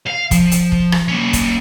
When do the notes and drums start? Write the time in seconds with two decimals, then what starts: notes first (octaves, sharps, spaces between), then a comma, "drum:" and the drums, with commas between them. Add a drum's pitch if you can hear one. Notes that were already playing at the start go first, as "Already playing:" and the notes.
0.07 F5
0.31 F3, drum: kick, hi-hat
0.51 drum: hi-hat
0.72 drum: kick
0.92 drum: rim click
1.08 A#3 C#4
1.33 drum: kick, hi-hat